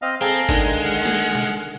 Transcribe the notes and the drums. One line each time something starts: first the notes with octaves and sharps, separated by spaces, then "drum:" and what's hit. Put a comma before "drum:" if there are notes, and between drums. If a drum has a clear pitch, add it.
C4 D#5 F5
C4 G#4 A4 F5 A#5
D3 D#3 G#3, drum: kick G#1
F#5 F6
drum: snare
drum: tom B2